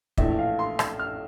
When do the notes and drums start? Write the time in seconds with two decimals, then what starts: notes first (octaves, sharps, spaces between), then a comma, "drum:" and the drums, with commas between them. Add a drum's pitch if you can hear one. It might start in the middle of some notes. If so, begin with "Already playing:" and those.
0.18 A#1 A2 E3 A3 E5, drum: kick
0.39 F5
0.59 C6
0.79 E6, drum: rim click
0.99 F6